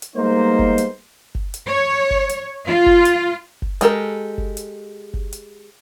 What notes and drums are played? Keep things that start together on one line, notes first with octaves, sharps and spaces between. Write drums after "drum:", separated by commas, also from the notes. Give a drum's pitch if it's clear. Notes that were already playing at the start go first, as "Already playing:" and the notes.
drum: hi-hat
G3 G#3 A#3 B3 D#4 C5
drum: kick F#1
drum: hi-hat
drum: kick F#1
drum: hi-hat
C#5
drum: kick F#1
drum: hi-hat
F4
drum: kick F#1
drum: hi-hat
drum: kick F#1
G#3 G4 A4 A#4, drum: hi-hat
drum: kick F#1
drum: hi-hat
drum: kick F#1
drum: hi-hat